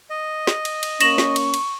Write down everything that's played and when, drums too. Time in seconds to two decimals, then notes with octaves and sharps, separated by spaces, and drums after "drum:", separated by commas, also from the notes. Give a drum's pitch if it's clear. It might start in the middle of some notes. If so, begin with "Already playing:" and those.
0.10 D#5
0.47 drum: snare
0.65 drum: cymbal
0.83 drum: cymbal
1.01 A#3 C#4 C#6 A#6 E7 F#7, drum: cymbal
1.18 drum: snare
1.36 drum: cymbal
1.54 drum: cymbal